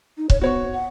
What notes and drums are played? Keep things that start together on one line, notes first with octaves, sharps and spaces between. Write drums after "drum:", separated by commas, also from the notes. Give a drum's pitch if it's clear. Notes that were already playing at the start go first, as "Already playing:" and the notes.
D#4
C#5, drum: kick C#1
B3 F#4 C#5 C#6
F#5